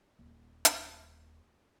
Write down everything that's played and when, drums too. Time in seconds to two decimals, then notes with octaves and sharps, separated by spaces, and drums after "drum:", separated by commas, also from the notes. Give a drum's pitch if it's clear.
0.19 D#1 D#2
0.65 drum: hi-hat